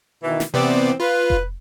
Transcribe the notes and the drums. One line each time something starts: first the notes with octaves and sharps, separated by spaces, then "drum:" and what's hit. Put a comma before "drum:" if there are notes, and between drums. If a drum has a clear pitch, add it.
B2 D#3 E3
drum: snare
C3 E3 B3 C4 D5
F4 B4
drum: kick F1